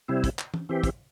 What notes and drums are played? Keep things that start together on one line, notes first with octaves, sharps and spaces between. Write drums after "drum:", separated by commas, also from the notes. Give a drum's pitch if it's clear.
C3 G3 C4 E4
drum: kick, hi-hat
drum: clap
drum: tom
E3 C4 G4
drum: kick, hi-hat